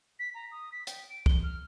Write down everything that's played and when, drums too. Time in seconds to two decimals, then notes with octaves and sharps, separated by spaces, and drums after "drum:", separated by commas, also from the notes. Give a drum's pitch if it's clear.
0.19 B6
0.35 A#5
0.52 D#6
0.72 B6
0.87 G5, drum: hi-hat
1.10 D7
1.26 G7, drum: kick
1.43 F6